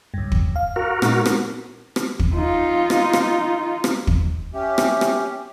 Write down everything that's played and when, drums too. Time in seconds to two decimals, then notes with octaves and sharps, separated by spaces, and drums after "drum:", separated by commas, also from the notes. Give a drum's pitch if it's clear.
0.14 C#2 G2
0.32 drum: kick
0.56 F5
0.76 F#4 A#4
1.02 A#2 G#3 D#4, drum: rim click
1.26 drum: rim click
1.96 drum: rim click
2.19 drum: kick
2.35 D#4 F4
2.90 drum: rim click
3.13 drum: rim click
3.84 drum: rim click
4.07 drum: kick
4.54 C#4 G4 E5
4.78 drum: rim click
5.01 drum: rim click